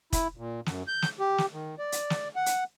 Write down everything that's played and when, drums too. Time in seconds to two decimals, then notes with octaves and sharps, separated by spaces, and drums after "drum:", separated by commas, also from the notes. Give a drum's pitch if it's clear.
0.13 E4, drum: kick, hi-hat
0.37 A#2
0.66 F#2, drum: snare
0.88 G6
1.02 drum: snare
1.19 G4
1.38 drum: snare
1.53 D#3
1.79 D5
1.92 drum: hi-hat
2.10 drum: snare
2.36 F#5
2.46 drum: hi-hat